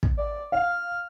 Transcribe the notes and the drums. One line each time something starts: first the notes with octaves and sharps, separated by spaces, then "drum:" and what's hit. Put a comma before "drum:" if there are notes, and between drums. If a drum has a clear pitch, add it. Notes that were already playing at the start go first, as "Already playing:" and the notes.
drum: kick
D5
F5 F6